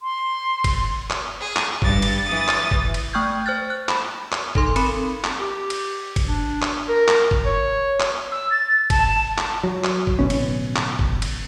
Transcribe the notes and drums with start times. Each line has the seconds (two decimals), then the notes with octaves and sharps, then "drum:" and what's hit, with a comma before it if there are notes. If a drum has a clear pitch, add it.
0.01 C6
0.64 drum: kick G1, cymbal
1.10 drum: clap
1.41 G#4
1.56 drum: clap
1.82 G2 A6, drum: kick G1
2.02 drum: cymbal
2.24 E3 D#6 A6
2.48 drum: clap
2.71 drum: kick G1
2.94 drum: cymbal
3.13 A3 G5 C#6 F6 G6 G#6
3.46 C5 F6 F#6 A6
3.70 F#6
3.89 B5, drum: clap
4.32 drum: clap
4.55 D#4 A4 C6, drum: kick G1
4.76 C4 A#4 B5 C#7, drum: cymbal
5.24 drum: clap
5.39 G4
5.70 drum: cymbal
6.16 drum: kick G1, cymbal
6.26 D4
6.62 drum: clap
6.89 A#4
7.08 drum: clap
7.31 drum: kick G1
7.45 C#5
8.00 drum: clap
8.32 E6
8.51 A6
8.90 A5, drum: kick G1, cymbal
9.38 drum: clap
9.63 F#3
9.84 drum: clap
10.07 drum: kick G1
10.19 D1 B1 B2 C#4
10.30 drum: cymbal
10.76 drum: clap
10.99 drum: kick G1
11.22 drum: cymbal